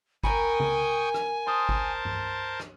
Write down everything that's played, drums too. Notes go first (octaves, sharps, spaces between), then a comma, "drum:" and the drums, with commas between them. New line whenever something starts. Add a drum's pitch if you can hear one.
A#4 G5 G#5 B5 C#6 D#6, drum: kick G#1
drum: tom C#3
drum: rim click
A#4 C5 A5 C6 D#6
drum: kick G#1
drum: tom G2
drum: rim click